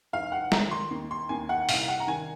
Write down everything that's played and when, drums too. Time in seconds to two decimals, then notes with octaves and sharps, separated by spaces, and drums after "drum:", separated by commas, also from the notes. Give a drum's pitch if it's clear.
0.13 F1 F5
0.32 F#5
0.52 D#3 A#5, drum: snare
0.71 C6
0.91 D#2
1.11 C6
1.29 D#2 G#5
1.49 F#5
1.69 C2 F5, drum: open hi-hat
1.88 F#5
2.00 A#5
2.07 D#3 G#5